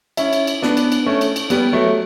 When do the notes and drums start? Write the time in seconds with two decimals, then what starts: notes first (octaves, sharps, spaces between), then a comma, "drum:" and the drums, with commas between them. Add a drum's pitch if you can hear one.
0.17 C#4 E4, drum: cymbal
0.33 drum: cymbal
0.47 drum: cymbal
0.62 B3 D4, drum: snare
0.77 drum: cymbal
0.92 drum: cymbal
1.06 A3 C#4
1.21 drum: cymbal
1.36 drum: cymbal
1.50 G3 B3, drum: cymbal
1.72 F#3 A3